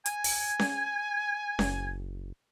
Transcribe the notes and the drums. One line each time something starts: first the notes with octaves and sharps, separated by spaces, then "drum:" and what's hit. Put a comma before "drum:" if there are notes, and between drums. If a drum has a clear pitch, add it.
G#5 G#6, drum: hi-hat
drum: open hi-hat
drum: snare C#4
F#1, drum: snare C#4